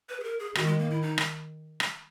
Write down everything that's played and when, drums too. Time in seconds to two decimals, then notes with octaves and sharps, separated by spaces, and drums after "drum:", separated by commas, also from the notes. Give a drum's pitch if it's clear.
0.09 B4
0.20 G#4
0.24 A#4
0.40 G#4
0.55 D#3 F#4, drum: rim click
0.67 G#3
0.79 A#3
0.90 E4
1.02 D#4
1.18 drum: rim click
1.80 drum: rim click